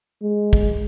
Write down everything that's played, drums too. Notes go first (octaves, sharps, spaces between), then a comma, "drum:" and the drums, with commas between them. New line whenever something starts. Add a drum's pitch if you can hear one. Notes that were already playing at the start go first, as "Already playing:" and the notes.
G#3
drum: kick